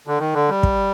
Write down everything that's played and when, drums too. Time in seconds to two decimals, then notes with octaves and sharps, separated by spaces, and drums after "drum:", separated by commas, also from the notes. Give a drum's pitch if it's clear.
0.07 D3
0.19 D#3
0.34 D3
0.49 G3
0.63 drum: kick